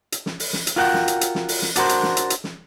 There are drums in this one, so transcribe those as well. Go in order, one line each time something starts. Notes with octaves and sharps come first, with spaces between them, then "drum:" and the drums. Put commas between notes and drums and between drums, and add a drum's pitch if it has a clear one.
drum: hi-hat
drum: snare
drum: open hi-hat
drum: snare
drum: hi-hat
F4 F#4 A#4 F#5 G5
drum: snare
drum: hi-hat
drum: hi-hat
drum: snare
drum: open hi-hat
drum: snare
D4 F#4 A#4 C5, drum: hi-hat
drum: hi-hat
drum: snare
drum: hi-hat
drum: hi-hat
drum: snare